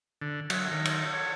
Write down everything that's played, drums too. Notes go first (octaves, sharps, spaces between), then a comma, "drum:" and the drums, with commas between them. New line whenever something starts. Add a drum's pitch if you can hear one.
D3
F#3, drum: cymbal
D#3
drum: cymbal
C#5